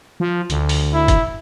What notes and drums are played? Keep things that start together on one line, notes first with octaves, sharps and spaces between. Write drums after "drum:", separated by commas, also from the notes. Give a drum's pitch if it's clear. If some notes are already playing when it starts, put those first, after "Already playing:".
F3
D2, drum: hi-hat
drum: open hi-hat
E4
drum: kick, hi-hat